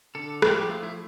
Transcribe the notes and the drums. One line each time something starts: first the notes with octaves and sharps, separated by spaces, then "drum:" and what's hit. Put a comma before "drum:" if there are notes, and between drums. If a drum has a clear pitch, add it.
D3 A4
F3 G4, drum: rim click
G4
A3 F4
E4